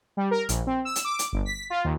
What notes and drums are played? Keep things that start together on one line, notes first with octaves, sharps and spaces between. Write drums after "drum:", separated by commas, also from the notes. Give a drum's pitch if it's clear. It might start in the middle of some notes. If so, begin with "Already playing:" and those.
G3
A#4
A#1, drum: hi-hat
C4
E6
drum: hi-hat
D6
drum: hi-hat
G1
B6
F4
D#2